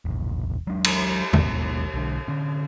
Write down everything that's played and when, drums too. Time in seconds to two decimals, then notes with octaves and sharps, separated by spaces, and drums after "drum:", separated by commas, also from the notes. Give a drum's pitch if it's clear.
0.05 E1 A#1
0.67 F#3 G#3 D4
0.84 drum: cymbal
1.33 G#1 D#2 G#2 B2, drum: tom
1.94 B1 D3
2.28 D3 C#4